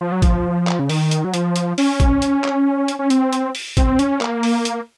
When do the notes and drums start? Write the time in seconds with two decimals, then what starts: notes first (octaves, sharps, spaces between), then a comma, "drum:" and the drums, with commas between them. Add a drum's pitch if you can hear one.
0.01 F3
0.12 F#3
0.22 F3, drum: kick, hi-hat
0.67 drum: clap
0.79 C#3
0.89 D#3, drum: open hi-hat
1.11 drum: hi-hat
1.25 F#3
1.34 F3, drum: hi-hat
1.56 drum: hi-hat
1.78 C#4, drum: open hi-hat
2.00 drum: kick, hi-hat
2.22 drum: hi-hat
2.44 drum: clap
2.88 drum: hi-hat
2.99 C#4
3.10 C4, drum: hi-hat
3.33 drum: hi-hat
3.55 drum: open hi-hat
3.77 C4, drum: kick, hi-hat
3.99 C#4, drum: hi-hat
4.21 A#3, drum: clap
4.43 drum: open hi-hat
4.65 drum: hi-hat